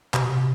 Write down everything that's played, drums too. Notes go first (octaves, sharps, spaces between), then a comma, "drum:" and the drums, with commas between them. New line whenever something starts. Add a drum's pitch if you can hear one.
C3, drum: clap
B2
C3